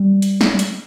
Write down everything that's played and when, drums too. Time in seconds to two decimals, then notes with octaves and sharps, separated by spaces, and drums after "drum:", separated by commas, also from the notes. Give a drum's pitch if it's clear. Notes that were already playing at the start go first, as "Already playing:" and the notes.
Already playing: G3
0.22 drum: hi-hat
0.41 drum: snare
0.59 drum: hi-hat